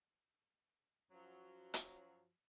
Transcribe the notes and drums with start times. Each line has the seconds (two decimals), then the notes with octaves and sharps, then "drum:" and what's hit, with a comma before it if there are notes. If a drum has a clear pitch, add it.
1.11 F#2 F3 F#3
1.74 drum: hi-hat